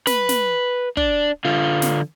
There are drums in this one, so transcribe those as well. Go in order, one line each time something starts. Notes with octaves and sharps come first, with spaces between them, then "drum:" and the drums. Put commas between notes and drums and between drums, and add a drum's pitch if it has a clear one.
B4, drum: snare
drum: snare
D4, drum: kick
D3 F4
drum: snare